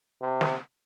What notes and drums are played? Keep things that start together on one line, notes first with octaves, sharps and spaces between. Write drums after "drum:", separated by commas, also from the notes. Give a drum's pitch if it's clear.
C3
drum: snare